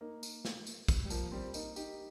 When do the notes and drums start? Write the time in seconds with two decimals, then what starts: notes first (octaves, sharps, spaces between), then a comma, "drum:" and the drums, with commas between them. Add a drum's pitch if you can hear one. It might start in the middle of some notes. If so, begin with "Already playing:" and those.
0.01 A#3 D#4
0.23 drum: tambourine
0.45 drum: snare
0.67 drum: tambourine
0.88 drum: kick, tambourine
1.05 G3
1.10 F3 A#3, drum: tambourine
1.32 G3 C4
1.54 A#3 D#4, drum: tambourine
1.76 D#4 G4, drum: tambourine